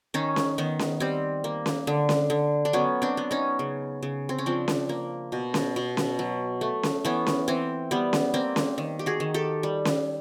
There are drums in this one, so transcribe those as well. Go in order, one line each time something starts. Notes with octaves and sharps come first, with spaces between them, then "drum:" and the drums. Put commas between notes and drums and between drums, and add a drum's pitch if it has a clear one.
D#3 C#4 D#4
drum: snare C#4
D#3 B3
drum: snare C#4
G3 C4
A#3
drum: snare C#4
D3
drum: snare C#4
D3
D4
F#3 B3 C#4
C4 D4
B3
C#4 D#4
C#3
C#3
C4
C#4
F3 C4 D4
drum: snare C#4
A#3
B2
drum: snare C#4
B2
drum: snare C#4
F#3
A3
drum: snare C#4
E3 B3 C#4
drum: snare C#4
E3 C4
G3 B3
drum: snare C#4
A#3 C4
drum: snare C#4
D#3
G4
F#4 G#4
D#3
G4 A4
G3
drum: snare C#4